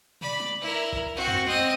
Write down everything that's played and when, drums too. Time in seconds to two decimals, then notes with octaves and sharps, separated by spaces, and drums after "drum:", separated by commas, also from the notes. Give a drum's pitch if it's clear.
0.21 D5 B5, drum: tom
0.40 drum: snare
0.61 E4 A#4
0.93 drum: kick B1
1.15 C4 F#4
1.28 drum: tom
1.45 C4 D#5, drum: snare